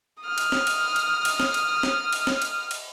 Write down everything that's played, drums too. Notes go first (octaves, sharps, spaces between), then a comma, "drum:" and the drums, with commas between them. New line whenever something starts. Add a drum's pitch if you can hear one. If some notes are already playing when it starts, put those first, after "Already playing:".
D#6 F6
drum: cymbal
drum: snare
drum: cymbal
drum: cymbal
drum: cymbal
drum: snare
drum: cymbal
drum: snare
drum: cymbal
drum: snare
drum: cymbal
drum: cymbal